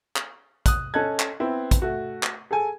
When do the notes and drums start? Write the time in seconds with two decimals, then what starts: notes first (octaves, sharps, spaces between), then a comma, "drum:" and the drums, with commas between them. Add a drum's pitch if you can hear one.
0.16 drum: clap
0.66 D#6 F#6, drum: kick, hi-hat
0.94 C#4 A4 D#5 F#6 G#6
1.20 drum: clap
1.40 B3 C4 E4
1.71 drum: kick, hi-hat
1.82 A3 F#4
2.23 drum: clap
2.51 G#4 A4 G#5